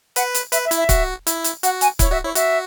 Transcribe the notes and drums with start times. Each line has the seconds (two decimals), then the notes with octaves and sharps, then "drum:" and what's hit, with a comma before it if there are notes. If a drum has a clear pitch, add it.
0.16 B4 F#5, drum: hi-hat
0.35 drum: hi-hat
0.52 B4 E5, drum: hi-hat
0.65 E5
0.71 E4, drum: hi-hat
0.77 E5
0.89 F#4, drum: kick C#1, hi-hat
1.27 E4, drum: hi-hat
1.44 drum: hi-hat
1.63 F#4 F#5, drum: hi-hat
1.81 G#5, drum: hi-hat
1.99 E4 C#5, drum: kick C#1, hi-hat
2.11 F#4 E5
2.24 E4 C#5
2.35 F#4 E5, drum: hi-hat